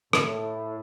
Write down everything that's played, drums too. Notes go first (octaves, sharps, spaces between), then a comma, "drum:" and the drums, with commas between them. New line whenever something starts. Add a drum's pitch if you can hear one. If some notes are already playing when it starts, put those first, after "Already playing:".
A2, drum: rim click